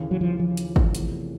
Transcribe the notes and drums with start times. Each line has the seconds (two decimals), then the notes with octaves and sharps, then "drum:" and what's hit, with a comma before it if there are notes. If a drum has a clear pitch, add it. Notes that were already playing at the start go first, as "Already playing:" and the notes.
Already playing: D#2 C#3 E3
0.11 F#3
0.21 F3
0.39 F3
0.57 drum: hi-hat
0.76 drum: kick G#1
0.95 E2 C3 E3 A3, drum: hi-hat